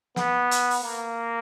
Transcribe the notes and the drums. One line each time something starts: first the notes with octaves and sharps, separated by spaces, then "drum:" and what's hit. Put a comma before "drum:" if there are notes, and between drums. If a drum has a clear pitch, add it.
B3, drum: snare
drum: hi-hat
drum: open hi-hat
A#3